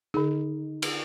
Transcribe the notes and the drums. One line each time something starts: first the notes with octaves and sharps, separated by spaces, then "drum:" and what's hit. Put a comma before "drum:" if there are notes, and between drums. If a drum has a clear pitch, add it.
D3 D#4 G#4
drum: cymbal